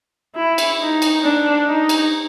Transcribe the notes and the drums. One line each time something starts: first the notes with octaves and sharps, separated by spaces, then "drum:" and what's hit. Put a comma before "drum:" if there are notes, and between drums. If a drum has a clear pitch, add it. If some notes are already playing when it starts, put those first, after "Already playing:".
E4
drum: cymbal
D#4
drum: cymbal
D4
D#4
drum: cymbal